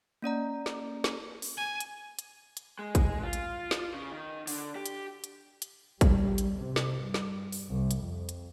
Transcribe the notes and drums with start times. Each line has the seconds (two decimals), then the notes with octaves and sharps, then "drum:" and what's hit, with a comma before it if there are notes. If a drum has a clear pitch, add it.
0.22 A#3 C#4 D5 A#5
0.66 drum: snare
1.04 drum: snare
1.42 drum: open hi-hat
1.57 G#5
1.80 drum: hi-hat
2.19 drum: hi-hat
2.57 drum: hi-hat
2.79 G#3
2.95 drum: kick, hi-hat
3.23 F4
3.33 drum: hi-hat
3.71 drum: snare
3.94 C#3
4.13 D#3
4.47 D3, drum: open hi-hat
4.76 G4
4.86 drum: hi-hat
5.24 drum: hi-hat
5.62 drum: hi-hat
6.01 G3, drum: kick, hi-hat
6.38 drum: hi-hat
6.56 C3
6.76 drum: snare
7.01 G2
7.14 drum: snare
7.52 drum: open hi-hat
7.69 C2
7.91 drum: hi-hat
8.01 F2
8.29 drum: hi-hat